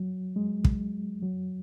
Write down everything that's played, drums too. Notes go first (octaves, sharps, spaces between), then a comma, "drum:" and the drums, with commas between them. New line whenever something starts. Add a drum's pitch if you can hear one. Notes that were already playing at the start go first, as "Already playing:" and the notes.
Already playing: F#3
G#3
drum: kick
F#3